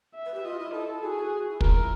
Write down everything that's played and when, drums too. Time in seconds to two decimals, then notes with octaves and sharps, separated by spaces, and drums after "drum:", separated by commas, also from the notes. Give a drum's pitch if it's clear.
0.15 E5
0.26 B4
0.34 G4
0.44 F4 D#5
0.60 E4
0.73 E4 A4
1.02 F#4 G#4
1.49 E4
1.61 F4 A#4, drum: kick
1.76 E4